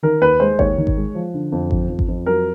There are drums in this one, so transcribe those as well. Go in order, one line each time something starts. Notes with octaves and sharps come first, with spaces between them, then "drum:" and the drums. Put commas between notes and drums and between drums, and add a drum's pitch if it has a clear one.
D#3 A#4
D#2 B4
G#3 C5
D#2 C#5, drum: kick G#1
D#3
drum: kick G#1
G#3
F3
D3
F2
F3, drum: kick G#1
F2
drum: kick G#1
F2
F#3 A#4